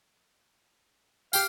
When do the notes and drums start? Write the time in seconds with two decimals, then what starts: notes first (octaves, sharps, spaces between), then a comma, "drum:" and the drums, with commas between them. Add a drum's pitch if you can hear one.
1.33 G4 F5 G5, drum: tambourine